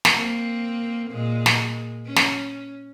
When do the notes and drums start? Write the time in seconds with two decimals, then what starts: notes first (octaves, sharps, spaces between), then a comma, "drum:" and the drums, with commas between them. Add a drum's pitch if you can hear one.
0.05 drum: snare
0.14 A#3 C4
1.11 A#2 G#3
1.46 drum: snare
2.05 C#4
2.16 drum: snare